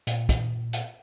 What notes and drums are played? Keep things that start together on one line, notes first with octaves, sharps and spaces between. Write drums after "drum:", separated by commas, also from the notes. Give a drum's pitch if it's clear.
A#2, drum: hi-hat
drum: kick, hi-hat
drum: hi-hat